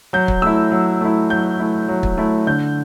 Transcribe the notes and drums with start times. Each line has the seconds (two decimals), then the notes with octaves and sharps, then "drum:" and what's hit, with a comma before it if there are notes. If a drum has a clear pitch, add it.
0.13 F#3 G6
0.28 drum: kick
0.42 A3 E4 E6
0.72 F#3
1.01 A3 E4
1.30 F#3 G6
1.59 A3 E4
1.88 F#3
2.03 drum: kick
2.18 A3 E4
2.47 D3 G6